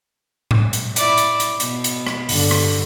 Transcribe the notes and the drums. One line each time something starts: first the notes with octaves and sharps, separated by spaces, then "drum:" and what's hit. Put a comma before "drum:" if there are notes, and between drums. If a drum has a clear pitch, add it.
drum: tom G#2
drum: hi-hat
E4 D5, drum: hi-hat
drum: hi-hat
drum: hi-hat
B2, drum: hi-hat
drum: hi-hat
drum: rim click
G2 D3, drum: open hi-hat
drum: rim click